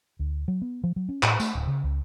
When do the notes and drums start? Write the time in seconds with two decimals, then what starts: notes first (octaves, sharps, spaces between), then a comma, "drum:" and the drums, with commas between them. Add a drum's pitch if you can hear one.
0.19 D2
0.48 F#3
0.62 B3
0.84 F3
0.96 F#3
1.09 C#4
1.23 A2, drum: clap
1.40 A3, drum: tambourine
1.55 D1
1.67 C#3
1.84 C#2